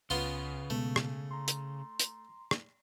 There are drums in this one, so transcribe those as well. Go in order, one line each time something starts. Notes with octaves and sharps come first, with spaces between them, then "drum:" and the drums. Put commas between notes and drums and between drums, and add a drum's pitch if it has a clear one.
C#2 C#3 B3 F4 C6
B2 G#3 A3 B3
drum: rim click
A#5 C6
drum: hi-hat
drum: hi-hat
drum: rim click